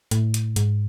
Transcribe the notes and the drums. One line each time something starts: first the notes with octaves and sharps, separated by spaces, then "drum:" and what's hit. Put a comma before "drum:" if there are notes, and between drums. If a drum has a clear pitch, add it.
A2, drum: hi-hat
drum: hi-hat
G#2, drum: hi-hat